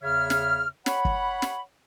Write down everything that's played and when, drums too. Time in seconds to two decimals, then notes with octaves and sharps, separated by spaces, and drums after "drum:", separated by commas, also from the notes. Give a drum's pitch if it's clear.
0.03 E2 C#3 C#5 E5 F6
0.30 drum: snare
0.86 C#5 F#5 B5, drum: snare
1.05 drum: kick
1.42 drum: snare